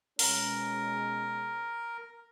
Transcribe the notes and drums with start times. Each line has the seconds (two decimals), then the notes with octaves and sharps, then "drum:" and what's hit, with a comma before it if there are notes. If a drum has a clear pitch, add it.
0.19 B2 G#3 C#4 A#4, drum: open hi-hat